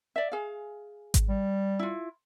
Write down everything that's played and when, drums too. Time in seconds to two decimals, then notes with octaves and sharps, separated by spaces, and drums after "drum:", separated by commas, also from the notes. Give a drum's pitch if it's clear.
0.16 D5 E5
0.32 G#4 F5
1.14 drum: kick G#1, hi-hat
1.29 G3
1.79 E4 F4